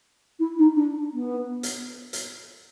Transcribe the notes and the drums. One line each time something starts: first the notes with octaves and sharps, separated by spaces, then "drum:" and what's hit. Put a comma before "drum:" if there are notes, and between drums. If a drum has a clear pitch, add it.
E4
D#4
D4
B3
drum: hi-hat
drum: hi-hat